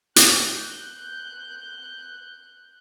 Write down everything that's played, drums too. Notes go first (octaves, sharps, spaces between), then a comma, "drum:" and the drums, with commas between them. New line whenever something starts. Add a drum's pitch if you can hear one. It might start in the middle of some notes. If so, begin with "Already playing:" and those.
F#6 G6, drum: hi-hat